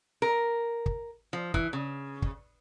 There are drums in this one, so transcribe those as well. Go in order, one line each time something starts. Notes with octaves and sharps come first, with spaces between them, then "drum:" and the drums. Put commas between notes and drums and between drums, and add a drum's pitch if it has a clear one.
A#4
drum: kick
F3
E3, drum: kick
C#3
drum: kick